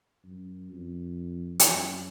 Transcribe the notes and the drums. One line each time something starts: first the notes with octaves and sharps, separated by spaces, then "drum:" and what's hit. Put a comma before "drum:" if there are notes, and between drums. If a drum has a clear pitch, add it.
F#2
F2
drum: hi-hat
F#2